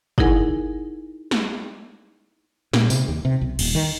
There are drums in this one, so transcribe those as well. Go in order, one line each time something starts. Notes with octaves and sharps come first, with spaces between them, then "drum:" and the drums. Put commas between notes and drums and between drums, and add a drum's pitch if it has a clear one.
D#4 E4 G#4 A#4 F#5 G#5, drum: kick
drum: snare
A#2, drum: snare
C3, drum: tambourine
D#2
C3
B1
D#1, drum: cymbal
D#3